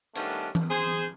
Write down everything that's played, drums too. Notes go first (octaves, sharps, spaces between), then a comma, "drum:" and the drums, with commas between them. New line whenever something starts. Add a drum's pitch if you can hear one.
D#3 G3 A3 B3 C#4 D4, drum: hi-hat
drum: tom E3
G#4 C5